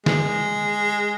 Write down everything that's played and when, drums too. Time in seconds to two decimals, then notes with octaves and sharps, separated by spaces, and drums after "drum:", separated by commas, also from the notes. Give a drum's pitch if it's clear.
0.06 G#3, drum: snare